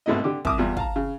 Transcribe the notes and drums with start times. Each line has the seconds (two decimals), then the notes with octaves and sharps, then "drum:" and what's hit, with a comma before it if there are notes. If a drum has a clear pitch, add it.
0.06 G#1 B2 A3 B3 E4 D#5
0.24 D3 G4
0.45 C2 D6 D#6, drum: kick
0.58 E2 G3 F4
0.77 F5 A5 A#5, drum: kick
0.96 C#3